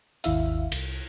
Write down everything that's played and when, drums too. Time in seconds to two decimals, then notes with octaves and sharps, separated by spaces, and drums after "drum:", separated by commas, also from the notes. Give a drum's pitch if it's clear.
0.24 G#1 D#2 E4 E5 F5, drum: hi-hat
0.72 C2, drum: cymbal